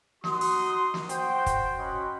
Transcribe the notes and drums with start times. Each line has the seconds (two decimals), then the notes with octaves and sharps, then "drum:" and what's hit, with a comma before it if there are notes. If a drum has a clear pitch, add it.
0.24 D#4 F#4 C6 D#6, drum: snare
0.41 drum: open hi-hat
0.94 drum: snare
1.09 F#4 C5 G5, drum: hi-hat
1.46 drum: kick, hi-hat
1.78 C#4 F#4 D#5 B5 C6